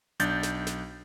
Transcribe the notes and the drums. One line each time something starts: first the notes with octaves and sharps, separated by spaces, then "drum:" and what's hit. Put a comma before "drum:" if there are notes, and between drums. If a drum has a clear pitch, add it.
B1 D4 G6 A6, drum: hi-hat
drum: snare
drum: snare